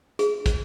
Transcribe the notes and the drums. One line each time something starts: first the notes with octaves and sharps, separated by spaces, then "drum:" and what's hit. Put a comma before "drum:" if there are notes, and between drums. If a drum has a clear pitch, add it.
G#4, drum: hi-hat
drum: kick, hi-hat